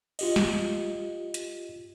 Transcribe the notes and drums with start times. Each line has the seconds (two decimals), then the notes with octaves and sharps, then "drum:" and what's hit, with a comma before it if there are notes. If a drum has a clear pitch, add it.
0.19 F4 G4 D#5, drum: cymbal
0.36 drum: snare
1.34 drum: hi-hat